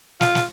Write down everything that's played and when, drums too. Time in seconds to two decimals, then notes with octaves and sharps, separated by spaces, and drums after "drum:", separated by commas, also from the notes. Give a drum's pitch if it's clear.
0.21 F4, drum: snare
0.35 drum: snare